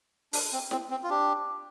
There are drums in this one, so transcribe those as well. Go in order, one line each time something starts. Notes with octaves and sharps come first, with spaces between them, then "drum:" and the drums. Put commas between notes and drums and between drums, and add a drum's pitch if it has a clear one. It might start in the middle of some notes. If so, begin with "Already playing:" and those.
D4, drum: open hi-hat
C4
C4, drum: snare
C4
F4
D4 G4